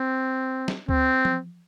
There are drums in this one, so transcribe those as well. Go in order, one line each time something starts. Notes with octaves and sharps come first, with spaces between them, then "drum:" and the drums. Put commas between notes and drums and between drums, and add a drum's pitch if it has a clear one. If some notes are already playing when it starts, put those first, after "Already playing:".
Already playing: C4
drum: snare
C4, drum: kick C#2
drum: tom F3